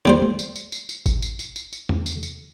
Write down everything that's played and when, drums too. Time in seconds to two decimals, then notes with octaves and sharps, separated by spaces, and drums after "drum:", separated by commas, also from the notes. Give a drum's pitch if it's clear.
0.05 D#2 G3 C5, drum: snare
0.22 drum: tom G#3
0.39 drum: tambourine
0.56 drum: tambourine
0.72 drum: tambourine
0.89 drum: tambourine
1.06 drum: kick, tambourine
1.22 drum: tambourine
1.39 drum: tambourine
1.56 drum: tambourine
1.73 drum: tambourine
1.89 drum: tom E2
2.06 drum: tambourine
2.23 drum: tambourine